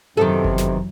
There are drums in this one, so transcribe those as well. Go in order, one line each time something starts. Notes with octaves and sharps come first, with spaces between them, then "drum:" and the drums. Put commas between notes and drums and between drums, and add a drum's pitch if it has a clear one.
F#2 C3 D#3 E3 F#3 B3 A4
drum: kick G1
drum: snare